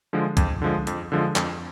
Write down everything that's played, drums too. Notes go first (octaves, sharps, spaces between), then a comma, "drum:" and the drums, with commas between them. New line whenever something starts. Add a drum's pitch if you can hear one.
D3 F3 G#3
F2, drum: kick, hi-hat
D3 F3 G#3
F2, drum: hi-hat
D3 F3 G#3
F2, drum: clap